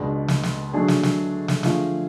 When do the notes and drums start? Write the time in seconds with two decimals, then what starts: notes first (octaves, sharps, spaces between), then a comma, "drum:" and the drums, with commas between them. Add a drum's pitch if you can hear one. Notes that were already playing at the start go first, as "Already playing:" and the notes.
Already playing: C#2 B2 G#3 D4
0.28 drum: snare
0.43 drum: snare
0.73 D3 F#3 A3 D4 G#4
0.88 drum: snare
1.03 drum: snare
1.48 drum: snare
1.63 D3 F3 A3 F4 G#4, drum: snare